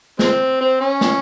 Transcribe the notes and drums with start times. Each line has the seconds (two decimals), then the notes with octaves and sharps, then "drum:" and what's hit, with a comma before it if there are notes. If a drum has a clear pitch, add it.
0.19 G#3 C4, drum: snare
0.60 C4
0.81 C#4
1.01 drum: snare